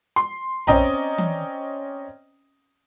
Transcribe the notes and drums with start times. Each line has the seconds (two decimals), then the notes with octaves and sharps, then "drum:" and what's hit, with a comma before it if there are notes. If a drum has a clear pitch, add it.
0.16 C6
0.67 C4 C#4 D5 D#5 G5 A#5, drum: tom A#1
1.18 drum: tom E3